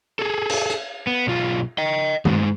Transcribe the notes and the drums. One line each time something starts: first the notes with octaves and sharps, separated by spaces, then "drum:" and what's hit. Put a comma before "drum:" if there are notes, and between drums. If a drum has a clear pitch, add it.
G#4 A4
drum: cymbal
drum: hi-hat
B3
B1 F4
D#5 G5
G2 G#3, drum: tom D#3